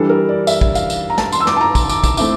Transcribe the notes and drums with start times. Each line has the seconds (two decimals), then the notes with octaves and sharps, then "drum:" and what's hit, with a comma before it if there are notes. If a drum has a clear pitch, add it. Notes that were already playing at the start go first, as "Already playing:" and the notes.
Already playing: E3 G3 D4 A4
0.09 A#4
0.29 D5
0.47 E5, drum: tambourine
0.61 drum: kick
0.75 F5, drum: tambourine
0.90 drum: tambourine
1.10 A#5
1.18 A5, drum: snare
1.32 C6, drum: tambourine
1.40 E6
1.47 D6, drum: snare
1.56 A5
1.61 A#5
1.75 drum: kick, tambourine
1.89 D6, drum: tambourine
2.04 drum: kick, tambourine
2.17 A3 C4 E4 D6, drum: tambourine